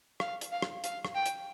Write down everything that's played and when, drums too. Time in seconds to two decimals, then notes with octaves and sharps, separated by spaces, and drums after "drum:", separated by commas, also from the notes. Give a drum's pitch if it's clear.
0.20 F5, drum: rim click
0.41 drum: hi-hat
0.52 F5
0.62 drum: rim click
0.84 F5, drum: hi-hat
1.05 drum: rim click
1.15 G5
1.26 drum: hi-hat